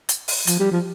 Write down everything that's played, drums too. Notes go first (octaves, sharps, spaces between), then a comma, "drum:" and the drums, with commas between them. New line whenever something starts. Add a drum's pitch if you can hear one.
drum: hi-hat
drum: open hi-hat
F3, drum: hi-hat
G3
F3